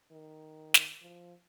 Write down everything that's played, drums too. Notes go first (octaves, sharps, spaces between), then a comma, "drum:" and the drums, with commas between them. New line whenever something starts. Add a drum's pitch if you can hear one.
D#3
drum: snare
F3